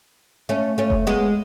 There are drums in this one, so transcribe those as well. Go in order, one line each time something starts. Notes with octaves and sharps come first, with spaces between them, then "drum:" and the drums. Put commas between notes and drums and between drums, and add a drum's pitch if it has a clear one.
A3 C#4
A3 C#4
drum: kick F1
G#3 B3